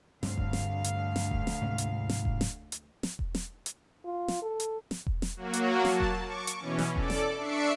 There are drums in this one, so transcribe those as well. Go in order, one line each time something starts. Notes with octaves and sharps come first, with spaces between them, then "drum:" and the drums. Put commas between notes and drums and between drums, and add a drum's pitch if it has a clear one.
D2 G2 C4 F5, drum: snare
drum: kick E1
drum: snare
drum: hi-hat
drum: snare
drum: kick E1
drum: snare
G#2 C3
drum: hi-hat
drum: snare
drum: kick E1
drum: snare
drum: hi-hat
drum: snare
drum: kick E1
drum: snare
drum: hi-hat
F4
drum: snare
A4
drum: hi-hat
drum: snare
drum: kick E1
drum: snare
F#3 A#3 F#4
drum: hi-hat
A5, drum: snare
drum: kick E1
C#6 D6
drum: hi-hat
B2 E3 C#4
drum: snare
A4 D5 D6, drum: kick E1
drum: snare
D4 E5 C#6 C7 D7